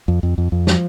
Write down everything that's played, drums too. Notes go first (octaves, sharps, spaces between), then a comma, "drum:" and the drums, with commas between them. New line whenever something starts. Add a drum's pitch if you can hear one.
F2
F2
F2
F2
F3, drum: snare